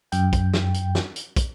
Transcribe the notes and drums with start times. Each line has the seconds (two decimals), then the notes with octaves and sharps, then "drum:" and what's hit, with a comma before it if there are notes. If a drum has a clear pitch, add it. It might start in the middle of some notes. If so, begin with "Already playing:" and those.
0.12 F#2 G5, drum: hi-hat
0.33 drum: kick, hi-hat
0.54 drum: snare
0.74 drum: hi-hat
0.95 drum: snare
1.16 drum: hi-hat
1.36 drum: kick, hi-hat